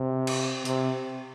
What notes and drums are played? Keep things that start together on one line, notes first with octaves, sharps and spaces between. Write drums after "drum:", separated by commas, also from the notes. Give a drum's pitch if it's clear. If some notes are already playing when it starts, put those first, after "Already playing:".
Already playing: C3
drum: cymbal
C3, drum: hi-hat